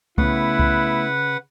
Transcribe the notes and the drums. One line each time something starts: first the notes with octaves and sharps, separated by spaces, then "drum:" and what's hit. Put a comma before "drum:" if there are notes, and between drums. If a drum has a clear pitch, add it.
C#3 A3 B3 E4 B4 F#5, drum: kick C2
drum: kick C2